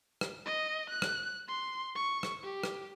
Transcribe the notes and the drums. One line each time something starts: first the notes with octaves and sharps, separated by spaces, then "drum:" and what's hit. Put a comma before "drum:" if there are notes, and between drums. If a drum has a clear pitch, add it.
drum: rim click
D#5
F#6
drum: rim click
C6
C#6
drum: rim click
G4
drum: rim click